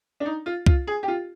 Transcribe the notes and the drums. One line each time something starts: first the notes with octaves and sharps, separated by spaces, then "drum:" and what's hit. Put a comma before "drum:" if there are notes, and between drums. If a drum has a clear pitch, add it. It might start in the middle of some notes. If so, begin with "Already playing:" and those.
D4
D#4
F4
F4, drum: kick C2
G#4
G4
F4